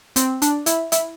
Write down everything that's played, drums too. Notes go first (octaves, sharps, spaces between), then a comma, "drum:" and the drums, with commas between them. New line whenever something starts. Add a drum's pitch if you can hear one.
C4, drum: hi-hat
D4, drum: hi-hat
E4, drum: hi-hat
E4, drum: hi-hat